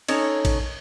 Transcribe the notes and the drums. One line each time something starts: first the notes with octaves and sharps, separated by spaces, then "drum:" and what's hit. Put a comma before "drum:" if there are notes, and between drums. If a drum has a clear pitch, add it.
C#4 D#4 A4 C#5, drum: cymbal
drum: kick, cymbal